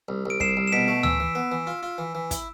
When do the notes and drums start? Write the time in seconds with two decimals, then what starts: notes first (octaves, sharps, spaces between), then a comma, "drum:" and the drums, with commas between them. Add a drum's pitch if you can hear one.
0.09 C2
0.26 C2 D7
0.40 C2 C7 E7, drum: kick
0.57 C2
0.67 E7
0.72 B2 B6 D7
0.88 A3
1.03 E3 E6, drum: tom D2
1.20 E3
1.35 B3
1.52 E3
1.67 F4
1.83 F4
1.98 E3
2.15 E3
2.31 E4, drum: kick, hi-hat